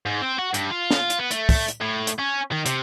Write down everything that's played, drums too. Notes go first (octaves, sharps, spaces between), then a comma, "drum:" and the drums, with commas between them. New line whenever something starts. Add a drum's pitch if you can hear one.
G#2
C4
F#4
G2, drum: hi-hat
F4
drum: snare
drum: hi-hat
B3
A3, drum: hi-hat
drum: kick, open hi-hat
drum: hi-hat
A2
drum: hi-hat
C#4
D#3
C3, drum: hi-hat